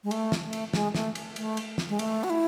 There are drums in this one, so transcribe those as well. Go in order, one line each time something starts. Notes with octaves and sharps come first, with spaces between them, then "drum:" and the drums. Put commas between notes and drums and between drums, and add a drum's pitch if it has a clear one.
G#3
A3, drum: cymbal
drum: snare
A3
drum: cymbal
G#3, drum: snare
A3, drum: snare
drum: cymbal
A3, drum: cymbal
drum: cymbal
drum: snare
G#3
A3, drum: cymbal
F#4
E4